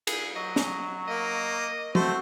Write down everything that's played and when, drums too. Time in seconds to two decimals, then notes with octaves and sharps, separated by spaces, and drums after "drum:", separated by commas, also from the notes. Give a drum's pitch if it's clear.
0.07 G#4, drum: cymbal
0.36 F#3 D#5
0.56 drum: snare
1.08 A#3 D#5
1.95 A3 C4 F#4 C5, drum: tom F3